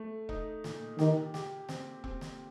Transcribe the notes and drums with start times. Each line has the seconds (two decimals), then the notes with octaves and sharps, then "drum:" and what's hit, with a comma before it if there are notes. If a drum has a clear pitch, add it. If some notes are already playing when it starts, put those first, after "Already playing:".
Already playing: A3
0.29 D#4, drum: kick E1
0.64 A#2, drum: snare
0.99 D#3 G4, drum: snare
1.34 G4, drum: snare
1.69 C4, drum: snare
2.04 C4, drum: kick E1
2.21 drum: snare